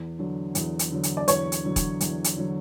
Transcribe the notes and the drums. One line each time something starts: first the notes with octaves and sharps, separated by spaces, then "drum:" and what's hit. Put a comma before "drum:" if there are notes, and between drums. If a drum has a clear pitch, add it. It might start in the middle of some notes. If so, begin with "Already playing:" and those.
Already playing: E2
D3 F#3
E2, drum: hi-hat
drum: hi-hat
D3 F#3
drum: hi-hat
D5
E2 C#5, drum: hi-hat
drum: hi-hat
D3 F#3
drum: kick E1, hi-hat
E2, drum: hi-hat
drum: hi-hat
D3 F#3